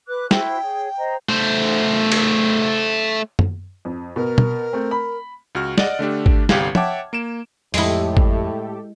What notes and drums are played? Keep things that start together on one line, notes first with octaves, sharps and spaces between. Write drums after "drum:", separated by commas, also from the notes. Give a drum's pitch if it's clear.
B4 D6 F#6
E4 F#4 C5 G5, drum: snare
G#4 C#5
C5 D#5 A#5
A3 C5
drum: cymbal
drum: tom
F2
B2 A#4
drum: tom
A3 C4
B5
C#2 F#4 F6
D5 D#5 F#5, drum: snare
D3 A3 D4 G4
drum: kick
G1 C2 G4 F5 G#6, drum: snare
C#5 E5 F#5 G5 A5 D6, drum: tom
A#3 D7 E7
F2 A2 G#3 E4 G4 A4, drum: open hi-hat
drum: kick